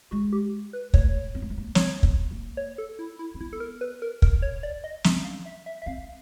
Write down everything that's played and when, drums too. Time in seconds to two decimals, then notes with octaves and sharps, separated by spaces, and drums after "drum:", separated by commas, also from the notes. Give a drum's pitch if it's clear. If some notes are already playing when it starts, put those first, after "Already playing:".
0.11 G#3 F#4
0.32 G4
0.73 B4
0.94 A3 C#5, drum: kick
1.35 B3
1.42 A#3
1.50 A3
1.58 A#3
1.75 B3 C#5, drum: snare
2.03 B3, drum: kick
2.31 A#3
2.57 C#5
2.78 A4
2.99 E4
3.19 E4
3.34 C4
3.40 B3 E4
3.53 A4
3.60 A#4
3.81 B4
4.02 A#4
4.22 A#4, drum: kick
4.42 C#5
4.63 D5
4.84 D#5
5.04 C#4 E5, drum: snare
5.24 F5
5.45 E5
5.66 E5
5.82 E5
5.86 C4 F5